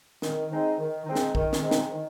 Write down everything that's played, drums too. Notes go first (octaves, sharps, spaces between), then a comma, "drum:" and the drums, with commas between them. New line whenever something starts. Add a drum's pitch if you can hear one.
D#3, drum: snare
G#3 C4 D#4
D#3
G#3 C4 D#4
drum: snare
D#3, drum: kick A#1
drum: snare
G#3 C4 D#4
drum: snare
D#3